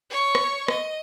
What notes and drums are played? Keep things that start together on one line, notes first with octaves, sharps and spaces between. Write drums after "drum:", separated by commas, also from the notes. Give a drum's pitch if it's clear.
C#5 C#6
drum: rim click
D#5, drum: rim click